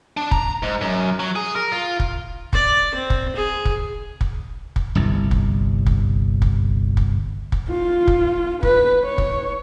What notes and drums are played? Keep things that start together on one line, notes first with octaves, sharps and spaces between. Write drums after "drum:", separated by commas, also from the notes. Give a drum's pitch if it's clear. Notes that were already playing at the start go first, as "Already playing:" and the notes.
D4
A#5, drum: kick
G#2
F#2
F#3
G#4
A#4
F4
drum: kick
D5, drum: kick
C4
drum: kick
G#4
drum: kick
drum: kick
drum: kick
G1 C2
drum: kick
drum: kick
drum: kick
drum: kick
drum: kick
F4
drum: kick
B4, drum: kick
C#5
drum: kick